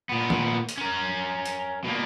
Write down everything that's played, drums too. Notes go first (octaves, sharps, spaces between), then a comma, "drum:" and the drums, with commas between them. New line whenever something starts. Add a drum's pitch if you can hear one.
A#2 B3
drum: tom D#3
drum: hi-hat
C#4 A#4
drum: hi-hat
B2 A#3